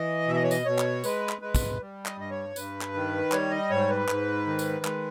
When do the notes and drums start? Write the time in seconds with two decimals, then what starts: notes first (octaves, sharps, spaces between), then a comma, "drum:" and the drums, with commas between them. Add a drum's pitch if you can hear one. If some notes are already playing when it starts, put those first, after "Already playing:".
Already playing: E3 D#5
0.27 B2 E5
0.35 D#5
0.43 C#5
0.51 D#5, drum: tambourine
0.66 B2 C#5
0.78 drum: clap
1.04 G#3 B4, drum: tambourine
1.29 drum: clap
1.41 G#3 B4
1.55 drum: kick, tambourine
1.80 G3
2.06 D#5, drum: clap
2.18 G2 D#5
2.31 C#5
2.56 G2 B4, drum: tambourine
2.81 drum: clap
2.94 D#3
3.32 G3 C#5, drum: clap
3.51 D#5
3.70 G#2 C#5
3.90 B4
4.08 G#2, drum: clap
4.46 D#3
4.59 drum: tambourine
4.85 G#3, drum: clap